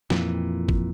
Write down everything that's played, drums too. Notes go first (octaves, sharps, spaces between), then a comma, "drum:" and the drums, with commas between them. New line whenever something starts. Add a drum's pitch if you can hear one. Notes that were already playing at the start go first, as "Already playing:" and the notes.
F2 A#2 E3, drum: snare
drum: kick G#1